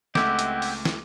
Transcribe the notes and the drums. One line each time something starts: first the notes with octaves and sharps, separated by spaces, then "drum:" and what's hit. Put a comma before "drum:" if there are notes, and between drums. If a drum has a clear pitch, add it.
C#2 A3 C4 E4 G4 D#5 F#5 D6, drum: snare
drum: hi-hat
drum: open hi-hat
drum: snare